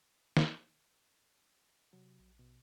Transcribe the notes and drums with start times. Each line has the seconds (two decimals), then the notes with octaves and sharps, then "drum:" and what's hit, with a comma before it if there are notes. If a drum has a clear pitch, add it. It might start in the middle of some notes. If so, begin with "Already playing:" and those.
0.37 drum: snare
1.93 C3 F#3
2.20 A#1
2.39 B2